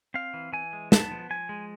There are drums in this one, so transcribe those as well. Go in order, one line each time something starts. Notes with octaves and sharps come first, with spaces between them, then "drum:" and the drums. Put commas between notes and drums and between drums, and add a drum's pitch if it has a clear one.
C4 F5
E3
E3 G#5
G#3
B3 A5, drum: snare
F3
F3 G#5
G#3